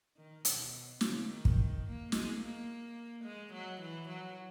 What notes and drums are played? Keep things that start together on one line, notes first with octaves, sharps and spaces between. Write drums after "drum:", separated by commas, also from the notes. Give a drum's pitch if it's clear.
D#3
B2, drum: hi-hat
C#3, drum: snare
D#3
drum: kick
A#3
G#3, drum: snare
A#3
G#3
F#3
E3
F#3